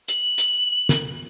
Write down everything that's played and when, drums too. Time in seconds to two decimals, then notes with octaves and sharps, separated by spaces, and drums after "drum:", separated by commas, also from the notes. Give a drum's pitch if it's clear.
0.08 F#7, drum: hi-hat
0.38 drum: hi-hat
0.89 drum: snare